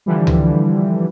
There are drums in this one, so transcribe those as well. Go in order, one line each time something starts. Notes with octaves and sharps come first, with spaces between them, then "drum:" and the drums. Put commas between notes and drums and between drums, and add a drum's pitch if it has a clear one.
D3 E3 F3 G3
drum: tom C#2